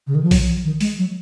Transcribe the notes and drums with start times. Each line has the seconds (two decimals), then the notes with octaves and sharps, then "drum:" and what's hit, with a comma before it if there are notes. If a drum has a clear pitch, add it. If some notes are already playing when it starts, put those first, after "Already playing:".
0.07 C#3
0.15 D#3
0.23 F3
0.31 F#3, drum: kick B1, open hi-hat
0.48 F3
0.64 D#3
0.81 G#3, drum: open hi-hat
0.98 F#3